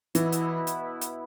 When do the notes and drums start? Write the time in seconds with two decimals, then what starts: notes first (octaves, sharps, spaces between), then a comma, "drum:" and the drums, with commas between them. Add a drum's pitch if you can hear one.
0.15 B2 E3 B3 E4 B4, drum: hi-hat
0.32 drum: hi-hat
0.67 drum: hi-hat
1.01 drum: hi-hat